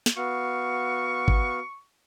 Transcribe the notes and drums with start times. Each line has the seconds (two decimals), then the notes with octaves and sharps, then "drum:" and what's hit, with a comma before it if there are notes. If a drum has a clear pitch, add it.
0.06 drum: snare
0.17 B3 F#4 F5 C#6
1.28 drum: kick